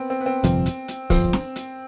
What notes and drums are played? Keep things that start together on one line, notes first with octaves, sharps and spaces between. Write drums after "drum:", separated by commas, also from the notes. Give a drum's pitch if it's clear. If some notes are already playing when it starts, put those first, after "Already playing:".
Already playing: B3 C4
C4
B3
C4
G1 F2 C3 F3, drum: hi-hat
drum: hi-hat
drum: hi-hat
G1 F2 C3 F3 C4, drum: kick, open hi-hat
drum: snare
drum: hi-hat